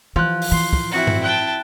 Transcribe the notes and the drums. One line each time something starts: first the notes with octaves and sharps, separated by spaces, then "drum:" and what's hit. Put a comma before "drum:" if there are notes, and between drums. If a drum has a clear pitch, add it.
E3 F3 F#6
drum: open hi-hat
E3 C6
drum: kick
C4 E4 F#4
drum: tom G2
G5 A5 F#6